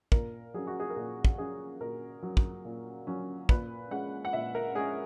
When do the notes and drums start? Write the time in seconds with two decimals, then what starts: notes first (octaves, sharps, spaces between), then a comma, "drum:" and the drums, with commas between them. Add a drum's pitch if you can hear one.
0.12 A#2 A#4, drum: kick
0.54 F#3 C#4 G#4
0.67 F#4
0.80 G#4
0.90 A#4
0.96 A#2 G#4
1.25 drum: kick
1.38 F#3 C#4 G#4
1.81 A#2 A#4
2.23 F#3 C#4
2.37 drum: kick
2.65 A#2
3.07 F#3 C#4
3.49 A#2 B4, drum: kick
3.91 G#3 C#4 F#5
4.25 F#5
4.33 A#2 E5
4.55 A#4
4.75 G#3 C#4 G#4